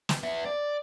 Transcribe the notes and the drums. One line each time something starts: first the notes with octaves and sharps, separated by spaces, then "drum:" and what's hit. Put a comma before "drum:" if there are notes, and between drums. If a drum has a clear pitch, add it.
drum: snare
B3 E5
D5